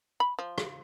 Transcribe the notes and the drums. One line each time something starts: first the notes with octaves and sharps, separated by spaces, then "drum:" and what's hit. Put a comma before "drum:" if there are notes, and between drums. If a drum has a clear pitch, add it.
B5
F3
drum: rim click